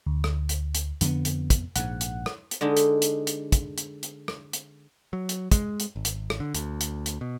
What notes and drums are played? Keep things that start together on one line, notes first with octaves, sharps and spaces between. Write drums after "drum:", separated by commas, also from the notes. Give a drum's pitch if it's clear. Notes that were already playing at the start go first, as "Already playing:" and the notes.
D2
drum: rim click
drum: hi-hat
drum: hi-hat
F2 D3 B3, drum: hi-hat
drum: hi-hat
drum: kick, hi-hat
A#1 G#2 F#5, drum: hi-hat
drum: hi-hat
drum: rim click
drum: hi-hat
D3 G#3 D4 D#4
drum: hi-hat
drum: hi-hat
drum: hi-hat
drum: kick, hi-hat
drum: hi-hat
drum: hi-hat
drum: rim click
drum: hi-hat
F#3
drum: hi-hat
G#3, drum: kick, hi-hat
drum: hi-hat
G#1
drum: hi-hat
drum: rim click
D3
D2, drum: hi-hat
drum: hi-hat
drum: hi-hat
B2